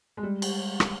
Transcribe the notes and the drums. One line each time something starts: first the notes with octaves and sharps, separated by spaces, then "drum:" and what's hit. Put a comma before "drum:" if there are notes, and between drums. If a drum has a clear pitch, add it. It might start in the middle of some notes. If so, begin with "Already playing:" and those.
G#3
G3
drum: cymbal
drum: rim click